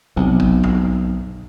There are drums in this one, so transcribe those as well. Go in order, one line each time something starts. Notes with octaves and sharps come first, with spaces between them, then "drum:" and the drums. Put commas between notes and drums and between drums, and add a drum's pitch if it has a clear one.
B1 C3
drum: kick
drum: tom F#2